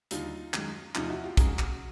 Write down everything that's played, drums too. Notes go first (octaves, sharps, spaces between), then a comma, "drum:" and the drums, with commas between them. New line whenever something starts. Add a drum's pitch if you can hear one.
D#2 D3 G3 D#4 F4, drum: hi-hat
F#2 D#3 G#3, drum: clap
E2 C3 F3 A3 D#4 F4, drum: clap
E4 F#4
F4 G4
C#2 C#3 F#3 A#3 F#4 G#4, drum: kick, hi-hat
drum: clap